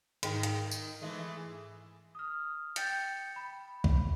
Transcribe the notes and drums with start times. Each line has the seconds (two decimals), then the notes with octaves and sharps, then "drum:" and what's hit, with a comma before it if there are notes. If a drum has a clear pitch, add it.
0.23 G#2 D#3 A#4 G5, drum: hi-hat
0.43 drum: hi-hat
0.71 drum: tambourine
1.02 E3 G#3 A3
2.15 D#6 F6
2.76 G5 G6 A6 C#7, drum: hi-hat
3.36 B5
3.84 drum: kick C2